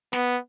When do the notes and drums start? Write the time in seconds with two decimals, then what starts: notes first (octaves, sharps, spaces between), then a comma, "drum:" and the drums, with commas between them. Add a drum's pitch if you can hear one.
0.13 B3, drum: snare